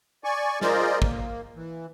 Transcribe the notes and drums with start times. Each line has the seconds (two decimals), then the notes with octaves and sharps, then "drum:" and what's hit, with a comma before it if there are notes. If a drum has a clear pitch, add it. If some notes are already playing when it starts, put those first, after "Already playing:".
0.24 D5 G#5 C#6
0.61 F4 G#4 A#4 C5 D5 D#5, drum: snare
1.02 A#3, drum: kick
1.56 E3